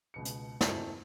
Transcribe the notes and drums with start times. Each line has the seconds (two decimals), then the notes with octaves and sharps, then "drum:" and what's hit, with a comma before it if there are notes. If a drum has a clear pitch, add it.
0.14 C#2 B2 C#7
0.25 drum: hi-hat
0.61 F#1 E2 E3 A3 C4, drum: snare